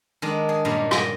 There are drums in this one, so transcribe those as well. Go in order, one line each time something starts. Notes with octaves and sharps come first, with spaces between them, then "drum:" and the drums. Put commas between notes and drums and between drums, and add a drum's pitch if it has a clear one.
D#3 G#3 D4
G#4
G2 A#2 G#3 C#4
D#5 G5, drum: rim click